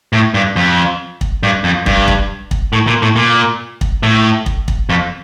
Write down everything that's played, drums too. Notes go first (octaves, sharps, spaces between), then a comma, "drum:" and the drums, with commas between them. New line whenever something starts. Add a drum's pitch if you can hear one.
A2
G2
F2
drum: kick
G2
F2
G2, drum: kick
drum: kick
drum: kick
A2
A#2
A2
A#2
drum: kick
A2
drum: kick
drum: kick
F2